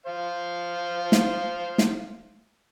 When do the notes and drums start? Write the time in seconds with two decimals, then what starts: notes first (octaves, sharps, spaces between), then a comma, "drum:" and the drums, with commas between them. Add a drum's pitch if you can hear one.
0.06 C5 F5
1.12 drum: snare
1.78 drum: snare